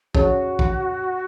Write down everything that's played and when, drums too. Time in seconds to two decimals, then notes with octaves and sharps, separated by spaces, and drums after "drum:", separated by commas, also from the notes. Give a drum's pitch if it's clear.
0.15 C#4 F#4 G#4 C#5, drum: kick
0.59 drum: kick